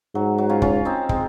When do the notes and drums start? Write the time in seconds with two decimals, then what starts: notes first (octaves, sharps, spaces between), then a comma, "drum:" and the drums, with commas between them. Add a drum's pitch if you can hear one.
0.15 G#2 F#3
0.38 F#3
0.50 C#4 F4
0.62 C#4 F4, drum: kick
0.85 C4 D#4
1.09 G#3 C4, drum: kick